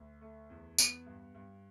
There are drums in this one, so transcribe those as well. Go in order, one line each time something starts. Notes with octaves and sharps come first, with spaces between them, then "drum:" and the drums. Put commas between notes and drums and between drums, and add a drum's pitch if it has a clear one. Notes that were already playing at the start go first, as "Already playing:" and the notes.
Already playing: D2
A3
E2
B3, drum: tambourine
G2
G2